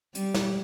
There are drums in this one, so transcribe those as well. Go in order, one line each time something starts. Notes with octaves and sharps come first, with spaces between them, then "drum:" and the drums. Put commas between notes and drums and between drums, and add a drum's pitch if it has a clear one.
G3, drum: hi-hat
drum: snare